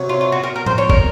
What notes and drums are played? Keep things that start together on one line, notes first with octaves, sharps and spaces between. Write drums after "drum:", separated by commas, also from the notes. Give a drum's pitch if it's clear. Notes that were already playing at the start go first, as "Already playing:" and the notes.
Already playing: C3 F#3 C#4 F#4
F4
F4
F#4
A#4
A#4
C5, drum: tom A2
C#5
A#4, drum: kick